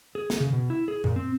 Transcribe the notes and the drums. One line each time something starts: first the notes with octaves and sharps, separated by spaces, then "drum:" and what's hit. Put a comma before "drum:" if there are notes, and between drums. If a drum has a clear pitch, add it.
G#4
drum: snare
C#3
B2
E4
G#4
A#2, drum: tom F#2
C4